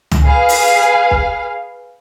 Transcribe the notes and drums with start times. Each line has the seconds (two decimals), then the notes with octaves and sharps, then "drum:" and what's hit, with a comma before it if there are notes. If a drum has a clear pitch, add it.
0.11 drum: tom
0.25 G#4 B4 F5
0.49 drum: open hi-hat
1.11 drum: kick